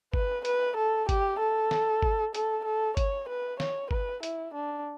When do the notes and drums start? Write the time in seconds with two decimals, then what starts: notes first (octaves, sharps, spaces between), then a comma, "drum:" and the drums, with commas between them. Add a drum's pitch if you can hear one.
0.14 B4, drum: kick
0.45 B4, drum: hi-hat
0.76 A4
1.09 G4, drum: kick, hi-hat
1.39 A4
1.71 drum: snare
2.02 drum: kick
2.35 A4, drum: hi-hat
2.65 A4
2.97 C#5, drum: kick, hi-hat
3.29 B4
3.60 C#5, drum: snare
3.91 B4, drum: kick
4.23 E4, drum: hi-hat
4.54 D4